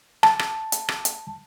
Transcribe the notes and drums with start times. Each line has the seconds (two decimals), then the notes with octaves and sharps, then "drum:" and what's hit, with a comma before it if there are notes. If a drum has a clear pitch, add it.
0.23 A5, drum: rim click
0.39 drum: rim click
0.72 drum: hi-hat
0.89 drum: rim click
1.05 drum: hi-hat